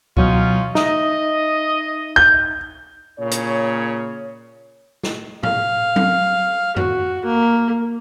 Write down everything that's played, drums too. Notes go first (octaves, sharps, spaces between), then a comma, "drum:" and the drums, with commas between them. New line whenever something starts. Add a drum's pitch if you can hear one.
B2 E3 F#3 C#4 D#4 F4, drum: kick C#2
D#4 D#5 E5 D#6, drum: snare
G6
A#2 C#3 C#5
drum: hi-hat
drum: snare
F5, drum: tom A2
drum: tom F#3
F#4, drum: tom
A#3